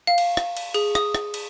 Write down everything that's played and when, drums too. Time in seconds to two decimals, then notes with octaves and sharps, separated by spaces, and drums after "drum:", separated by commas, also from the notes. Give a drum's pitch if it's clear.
0.07 F5
0.18 drum: cymbal
0.37 drum: rim click
0.57 drum: cymbal
0.74 G#4, drum: cymbal
0.95 D#6, drum: rim click
1.15 drum: rim click
1.34 drum: cymbal